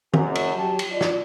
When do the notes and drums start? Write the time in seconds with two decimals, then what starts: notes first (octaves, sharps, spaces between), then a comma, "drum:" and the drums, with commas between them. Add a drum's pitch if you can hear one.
0.14 F#1 F#2, drum: tom
0.35 drum: cymbal
0.56 F#3 G4 A5
0.79 drum: cymbal
0.91 F4 D5 D#5
1.01 drum: snare